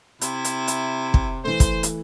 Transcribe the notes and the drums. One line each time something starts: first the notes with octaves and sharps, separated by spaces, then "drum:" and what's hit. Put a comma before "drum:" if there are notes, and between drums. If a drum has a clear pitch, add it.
C3 E4, drum: hi-hat
drum: hi-hat
drum: hi-hat
drum: kick
E3 A3 C5
drum: kick, hi-hat
drum: hi-hat